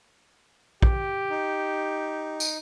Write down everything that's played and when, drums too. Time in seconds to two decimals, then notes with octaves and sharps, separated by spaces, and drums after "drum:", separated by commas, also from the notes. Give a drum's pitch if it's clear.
0.82 G4, drum: kick A#1
1.30 D#4
2.40 drum: tambourine